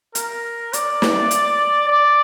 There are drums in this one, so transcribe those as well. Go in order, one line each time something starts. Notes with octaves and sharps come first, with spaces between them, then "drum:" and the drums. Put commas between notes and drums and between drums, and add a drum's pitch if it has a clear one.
A#4, drum: hi-hat
D5, drum: hi-hat
drum: snare
drum: hi-hat
D5